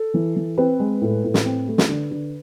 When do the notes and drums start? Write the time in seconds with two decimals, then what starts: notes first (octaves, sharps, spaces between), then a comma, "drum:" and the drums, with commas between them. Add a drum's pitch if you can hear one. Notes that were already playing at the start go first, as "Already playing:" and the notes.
Already playing: A4
0.14 E3
0.36 E3
0.58 C4 B4
0.80 G#3
1.02 A2
1.24 A2
1.34 drum: snare
1.45 C4
1.68 A3
1.78 drum: snare
1.89 D3
2.11 D3